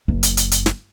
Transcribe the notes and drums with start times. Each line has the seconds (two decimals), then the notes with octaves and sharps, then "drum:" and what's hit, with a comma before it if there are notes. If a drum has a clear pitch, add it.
0.08 F#1
0.23 drum: hi-hat
0.37 drum: hi-hat
0.51 drum: hi-hat
0.66 drum: snare